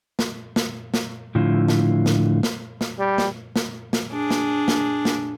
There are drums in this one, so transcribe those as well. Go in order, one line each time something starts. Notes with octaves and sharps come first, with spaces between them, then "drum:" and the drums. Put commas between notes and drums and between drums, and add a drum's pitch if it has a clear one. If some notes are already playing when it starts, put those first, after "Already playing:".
drum: snare
drum: snare
drum: snare
A2 D3 F3 E4 F4
drum: snare
drum: snare
drum: snare
drum: snare
G3
drum: snare
drum: snare
drum: snare
D4 G#4
drum: snare
drum: snare
drum: snare